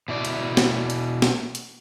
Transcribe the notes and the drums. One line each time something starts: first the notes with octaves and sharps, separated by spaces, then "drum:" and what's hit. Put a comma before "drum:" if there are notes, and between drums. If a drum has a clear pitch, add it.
B2 E4 D5
drum: hi-hat
drum: snare
drum: hi-hat
drum: snare
drum: hi-hat